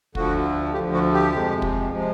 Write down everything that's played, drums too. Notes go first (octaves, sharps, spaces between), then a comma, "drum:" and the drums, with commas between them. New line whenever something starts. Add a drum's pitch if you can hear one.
D2 D3 F3 F#4, drum: kick
D2 D3 F3 G4
F#4
G4
F2 C3 F3 G#3
drum: kick
C3 F3 G#3